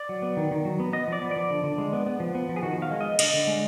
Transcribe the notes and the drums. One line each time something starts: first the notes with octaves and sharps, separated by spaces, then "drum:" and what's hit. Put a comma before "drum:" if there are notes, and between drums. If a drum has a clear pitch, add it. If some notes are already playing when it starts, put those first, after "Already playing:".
Already playing: D5
F#3
B3
D#3
D#3
F#3
B3
B3 D#5
F3 D5
B3
D5
F3
D3
D3
G#3
B3
B3
F3
B3
F3
G#4
D#3 F#4
D#3 F5
G#3
B3 D#5
D3 D#5, drum: cymbal
D3
G#3